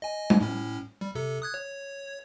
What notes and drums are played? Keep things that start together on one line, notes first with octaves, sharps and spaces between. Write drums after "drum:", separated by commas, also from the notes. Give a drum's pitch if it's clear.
D#5 G#5
drum: tom G3
A2 C#4
G3
C3 A4
D#6 F#6 G#6
C#5